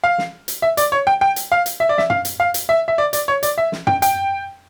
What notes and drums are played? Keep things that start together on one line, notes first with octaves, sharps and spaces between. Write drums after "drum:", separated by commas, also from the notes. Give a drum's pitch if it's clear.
F5
drum: snare
drum: hi-hat
E5
D5, drum: hi-hat
C#5
G5
G5
drum: hi-hat
F5
drum: hi-hat
E5
D5
E5, drum: snare
F5, drum: tom
drum: hi-hat
F5
drum: hi-hat
E5
E5
D5
D5, drum: hi-hat
C#5
D5, drum: hi-hat
E5
drum: snare
G5, drum: tom
G5, drum: hi-hat